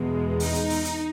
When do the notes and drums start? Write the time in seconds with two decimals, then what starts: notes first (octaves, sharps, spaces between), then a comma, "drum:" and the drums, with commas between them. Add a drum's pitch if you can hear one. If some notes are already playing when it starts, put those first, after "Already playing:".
Already playing: E2 B2 G#3
0.40 D#4, drum: open hi-hat
0.55 drum: hi-hat
0.70 drum: open hi-hat
0.85 drum: hi-hat